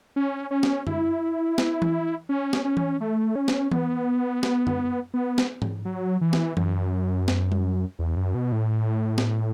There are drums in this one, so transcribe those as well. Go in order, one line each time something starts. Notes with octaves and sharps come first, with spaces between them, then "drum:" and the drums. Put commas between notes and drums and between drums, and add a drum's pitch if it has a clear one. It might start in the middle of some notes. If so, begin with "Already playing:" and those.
C#4
C#4
drum: snare B3
E4, drum: tom
drum: snare B3
drum: tom E3
C#4
drum: snare B3
C#4
drum: tom E3
A3
C#4
drum: snare B3
B3, drum: tom E3
drum: snare B3
drum: tom
B3
drum: snare B3
drum: tom G#2
F#3
E3
drum: snare B3
F#2, drum: tom E3
drum: snare B3
drum: tom G3
E2
F#2
B2
A2
drum: snare B3